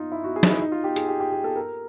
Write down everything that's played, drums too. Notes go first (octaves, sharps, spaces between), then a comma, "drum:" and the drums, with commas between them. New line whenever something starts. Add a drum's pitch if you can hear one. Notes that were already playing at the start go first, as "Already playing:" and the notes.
Already playing: D#4 F4
E4
F#4
G#4
D#4, drum: snare
E4
D#4
F4
G4
G#4, drum: hi-hat
G4
G4
G#4
A4
A#4